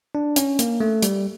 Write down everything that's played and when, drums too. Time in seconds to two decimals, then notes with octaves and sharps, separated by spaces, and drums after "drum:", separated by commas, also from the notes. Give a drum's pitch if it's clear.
0.15 D4
0.36 C#4, drum: hi-hat
0.59 A#3, drum: hi-hat
0.80 A3
1.03 G3, drum: hi-hat